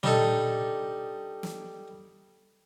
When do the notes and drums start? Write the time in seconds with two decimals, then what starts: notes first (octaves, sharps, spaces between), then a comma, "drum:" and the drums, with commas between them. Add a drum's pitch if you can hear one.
0.03 G3 D4 D#4 A4, drum: tom
1.43 drum: snare